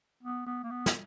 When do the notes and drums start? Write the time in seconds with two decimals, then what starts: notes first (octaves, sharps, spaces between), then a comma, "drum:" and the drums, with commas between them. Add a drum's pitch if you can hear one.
0.23 B3
0.46 B3
0.63 A#3
0.70 B3
0.86 drum: snare